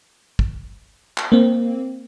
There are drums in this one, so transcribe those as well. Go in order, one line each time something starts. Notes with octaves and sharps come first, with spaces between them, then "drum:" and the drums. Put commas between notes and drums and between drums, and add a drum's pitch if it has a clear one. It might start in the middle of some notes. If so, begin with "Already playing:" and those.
drum: kick
drum: clap
A#3 C4